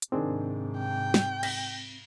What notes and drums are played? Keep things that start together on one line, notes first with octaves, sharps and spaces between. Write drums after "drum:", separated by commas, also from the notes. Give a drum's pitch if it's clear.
drum: hi-hat
G#2 C3 D#3 C4 D4 G#4
G5
drum: snare
A#6 B6, drum: cymbal